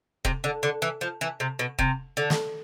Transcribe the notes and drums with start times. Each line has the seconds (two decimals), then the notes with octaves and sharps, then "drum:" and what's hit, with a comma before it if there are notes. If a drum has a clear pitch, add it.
0.25 C3, drum: kick E1
0.44 D3
0.63 D3
0.82 E3
1.01 F3
1.21 E3
1.40 C3
1.59 B2
1.79 C3, drum: kick E1
2.17 D3
2.30 drum: snare